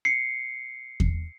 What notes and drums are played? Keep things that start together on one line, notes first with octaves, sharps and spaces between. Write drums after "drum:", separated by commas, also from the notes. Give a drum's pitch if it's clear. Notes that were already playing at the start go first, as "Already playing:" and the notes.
C7 C#7
drum: kick E2